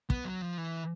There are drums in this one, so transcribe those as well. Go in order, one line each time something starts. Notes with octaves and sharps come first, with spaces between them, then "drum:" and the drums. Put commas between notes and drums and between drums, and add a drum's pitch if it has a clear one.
B3, drum: kick
F#3
F3
E3